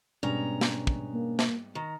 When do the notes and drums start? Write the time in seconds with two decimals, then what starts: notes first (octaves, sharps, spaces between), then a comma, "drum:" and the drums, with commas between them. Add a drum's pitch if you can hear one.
0.23 G#2 B2 G3 B3 C#4 D4 A#5
0.61 drum: snare
0.87 drum: kick
1.13 A#3
1.39 drum: snare
1.75 D#3 A#5